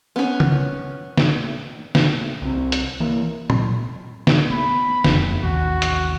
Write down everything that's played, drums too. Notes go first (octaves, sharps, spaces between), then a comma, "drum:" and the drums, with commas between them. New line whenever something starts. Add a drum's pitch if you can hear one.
B3 C#4
drum: tom C#3
drum: snare
drum: snare
C2 C3
drum: hi-hat
E3 A#3
drum: tom
drum: snare
B3 B5
E1 F2, drum: snare
A1 D#2 C3 F#4
drum: hi-hat